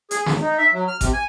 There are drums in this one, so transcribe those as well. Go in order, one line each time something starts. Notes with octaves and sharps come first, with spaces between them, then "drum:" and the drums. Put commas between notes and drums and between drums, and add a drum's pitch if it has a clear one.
G#4, drum: hi-hat
E2, drum: snare
D#4
E5
F#3
F6
C3, drum: kick G#1, hi-hat
G#5